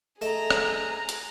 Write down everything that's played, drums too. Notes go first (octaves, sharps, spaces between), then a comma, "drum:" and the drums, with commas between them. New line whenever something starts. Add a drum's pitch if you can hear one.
A3 G#4 A4 D#5 A#5
drum: rim click
drum: hi-hat